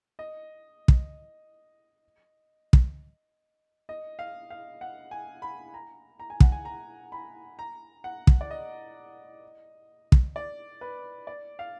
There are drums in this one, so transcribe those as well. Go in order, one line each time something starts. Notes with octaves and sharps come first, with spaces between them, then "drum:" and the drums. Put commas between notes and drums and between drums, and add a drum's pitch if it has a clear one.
D#5
drum: kick
drum: kick
D#5
F5
F5
F#5
G#5
B5
A#5
A#5
G#5
F#5, drum: kick
G#5
A#5
B5
A#5
F#5
drum: kick
D5
D#5
drum: kick
D5
B4
D5
F5